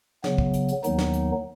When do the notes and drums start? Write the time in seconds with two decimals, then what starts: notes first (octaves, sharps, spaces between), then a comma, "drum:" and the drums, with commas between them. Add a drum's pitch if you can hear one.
0.24 C#3 F#3 B3, drum: snare
0.38 drum: kick
0.53 drum: hi-hat
0.68 drum: hi-hat
0.84 D#2 D#3 F#3 B3 D#4, drum: hi-hat
0.98 drum: snare
1.13 drum: hi-hat